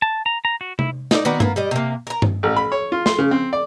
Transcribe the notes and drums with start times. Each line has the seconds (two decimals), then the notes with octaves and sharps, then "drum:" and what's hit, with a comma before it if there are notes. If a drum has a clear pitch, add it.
0.02 A5
0.26 A#5
0.45 A#5
0.61 F#4
0.79 E4, drum: tom C3
1.11 D#4 D5, drum: snare
1.25 D#3 B3 F#4 D5
1.40 A#3 B3, drum: tom G2
1.56 G3 D5 D#5
1.71 C3 A#3
2.07 A#4 A#5
2.22 drum: tom G2
2.43 A1
2.56 B5
2.72 C#5
2.92 F4
3.06 C6, drum: snare
3.19 C#3
3.31 C4
3.53 D5